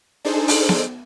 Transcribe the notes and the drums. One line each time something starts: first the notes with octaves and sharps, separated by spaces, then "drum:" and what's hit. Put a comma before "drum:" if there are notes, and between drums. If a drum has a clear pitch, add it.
D4 D#4 G#4 A4 C5
drum: open hi-hat
drum: snare B3